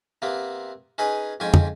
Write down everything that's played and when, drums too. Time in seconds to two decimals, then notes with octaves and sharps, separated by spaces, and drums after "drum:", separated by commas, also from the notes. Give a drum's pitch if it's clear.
0.22 C3 A#3 B3
0.98 C#4 D#4 G#4 B4 D#5
1.40 F2 G#2 C#4 G5 G#5
1.54 drum: tom